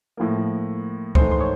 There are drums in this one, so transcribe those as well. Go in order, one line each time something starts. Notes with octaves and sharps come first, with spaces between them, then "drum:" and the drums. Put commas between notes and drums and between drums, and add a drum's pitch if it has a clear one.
A2 F3 A#3
G#2 E3 A3 C5 C6, drum: kick C#2
C6
C#5 C#6